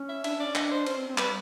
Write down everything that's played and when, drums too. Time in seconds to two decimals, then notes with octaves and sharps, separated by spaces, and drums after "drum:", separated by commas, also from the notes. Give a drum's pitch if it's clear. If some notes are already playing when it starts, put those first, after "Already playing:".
Already playing: C#4
0.09 E5
0.24 D4 E5, drum: cymbal
0.35 D4
0.40 C#4 D5
0.55 D4 D#5, drum: clap
0.71 C5
0.86 C#4 C5, drum: cymbal
0.97 C4
1.08 C4
1.18 G3 B4, drum: clap